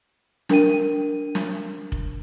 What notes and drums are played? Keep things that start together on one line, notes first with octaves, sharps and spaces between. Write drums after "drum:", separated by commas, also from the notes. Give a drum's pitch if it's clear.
D4 A#4 G5 D#7, drum: snare
drum: snare
drum: kick F1